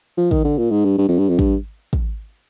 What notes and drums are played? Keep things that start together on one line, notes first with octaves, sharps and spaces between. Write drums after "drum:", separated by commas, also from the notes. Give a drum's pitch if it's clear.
F3
D#3, drum: kick
D3
A#2
G#2
G2
G2
F2
G2
F2
G2, drum: kick
drum: kick